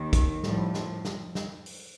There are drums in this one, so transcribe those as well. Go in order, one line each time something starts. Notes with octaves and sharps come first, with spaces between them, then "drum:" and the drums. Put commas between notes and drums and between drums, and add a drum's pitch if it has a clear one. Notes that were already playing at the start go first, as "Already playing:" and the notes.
Already playing: D#2 D#3
drum: kick, hi-hat
A2 F3 G3, drum: snare
F3, drum: snare
drum: snare
drum: snare
drum: open hi-hat